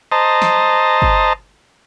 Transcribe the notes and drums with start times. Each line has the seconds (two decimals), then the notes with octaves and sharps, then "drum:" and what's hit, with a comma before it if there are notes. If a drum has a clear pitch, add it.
0.12 C5 D#5 A5 A#5
0.42 drum: snare
1.02 drum: kick G1